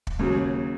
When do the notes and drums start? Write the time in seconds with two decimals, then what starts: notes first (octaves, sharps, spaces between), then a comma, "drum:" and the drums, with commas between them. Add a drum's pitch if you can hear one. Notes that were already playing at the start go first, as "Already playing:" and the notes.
0.07 drum: kick
0.19 D#2 C#3 F#3